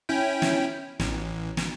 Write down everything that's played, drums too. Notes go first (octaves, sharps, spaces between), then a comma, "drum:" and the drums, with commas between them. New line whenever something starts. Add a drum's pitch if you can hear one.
C#4 E4 G5
drum: snare
A1, drum: snare
drum: snare